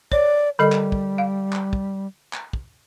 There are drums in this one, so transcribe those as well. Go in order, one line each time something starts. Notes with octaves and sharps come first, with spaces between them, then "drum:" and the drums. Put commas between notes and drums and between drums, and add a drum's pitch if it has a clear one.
C#5 D5, drum: kick
D3 G3 A4 D#5
drum: clap
drum: kick
F5
drum: clap
drum: kick
drum: clap
drum: kick